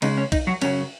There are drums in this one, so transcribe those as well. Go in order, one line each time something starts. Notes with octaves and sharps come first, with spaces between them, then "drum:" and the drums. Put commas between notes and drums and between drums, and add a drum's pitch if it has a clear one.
C#2 C#3 G#3 D#4, drum: cymbal
C#4
D#4, drum: kick B1, cymbal
F#3 F#4
F#2 C#3 F#3 C#4, drum: cymbal